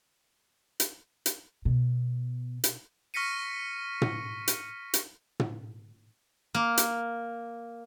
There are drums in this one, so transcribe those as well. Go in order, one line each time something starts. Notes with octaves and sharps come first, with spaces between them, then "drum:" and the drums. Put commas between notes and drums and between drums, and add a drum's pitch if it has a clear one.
drum: hi-hat
drum: hi-hat
B2
drum: hi-hat
C#6 F6 A#6 B6 C#7 D#7
drum: tom
drum: hi-hat
drum: hi-hat
drum: tom
A#3
drum: hi-hat